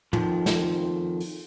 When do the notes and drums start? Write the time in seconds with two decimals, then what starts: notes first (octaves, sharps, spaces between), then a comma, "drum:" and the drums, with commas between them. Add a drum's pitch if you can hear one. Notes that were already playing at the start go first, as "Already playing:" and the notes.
0.13 F2 D#3 F3, drum: tom
0.46 drum: snare
1.20 drum: open hi-hat